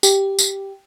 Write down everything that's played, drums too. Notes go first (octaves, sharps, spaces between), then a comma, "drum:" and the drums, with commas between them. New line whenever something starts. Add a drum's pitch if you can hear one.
G4, drum: tambourine
drum: tambourine